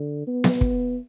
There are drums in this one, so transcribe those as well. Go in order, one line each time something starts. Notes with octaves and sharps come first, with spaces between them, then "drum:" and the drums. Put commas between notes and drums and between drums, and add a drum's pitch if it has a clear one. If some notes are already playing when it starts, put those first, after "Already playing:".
Already playing: D3
B3
drum: snare B3
drum: kick